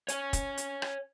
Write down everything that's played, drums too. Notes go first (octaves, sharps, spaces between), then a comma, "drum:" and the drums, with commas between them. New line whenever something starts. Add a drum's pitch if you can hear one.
C#5 G#5, drum: hi-hat
drum: kick, hi-hat
drum: hi-hat
drum: rim click